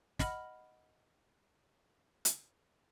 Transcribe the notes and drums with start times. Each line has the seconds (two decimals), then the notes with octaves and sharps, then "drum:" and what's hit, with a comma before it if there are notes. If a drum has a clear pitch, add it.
0.19 D#5 F#5 B5 F6, drum: snare
2.25 drum: hi-hat